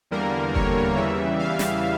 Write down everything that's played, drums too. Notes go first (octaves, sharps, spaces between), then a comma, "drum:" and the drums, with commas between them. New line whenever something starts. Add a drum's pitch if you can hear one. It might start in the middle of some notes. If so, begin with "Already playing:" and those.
E2 D3 G3 A#3 A#4
C#5, drum: kick F#1
E2 C#3 E3 G3 E5
F5
drum: snare